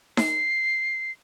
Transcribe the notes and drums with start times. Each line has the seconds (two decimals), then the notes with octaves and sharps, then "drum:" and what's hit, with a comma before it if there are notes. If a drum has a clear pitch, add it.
0.17 C7, drum: snare D#4